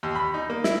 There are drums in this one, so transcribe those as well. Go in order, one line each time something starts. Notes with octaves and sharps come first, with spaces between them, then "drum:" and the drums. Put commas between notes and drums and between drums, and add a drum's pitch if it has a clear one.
D#2
B5
D#4
A#3
E4, drum: snare